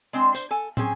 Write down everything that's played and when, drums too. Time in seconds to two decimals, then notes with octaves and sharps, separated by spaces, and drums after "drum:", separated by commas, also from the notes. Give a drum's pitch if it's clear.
0.13 G#3 C4 D4
0.35 C5, drum: tambourine
0.51 A4 G#5
0.77 C4 C#4 G#4, drum: tom